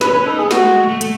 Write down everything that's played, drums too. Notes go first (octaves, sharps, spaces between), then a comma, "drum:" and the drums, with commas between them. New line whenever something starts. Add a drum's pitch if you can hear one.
C#4 B4, drum: snare
C#4 B4
D#4 A4
B3 G#4
A3 F#4, drum: snare
G#3
A3
A3
A3, drum: hi-hat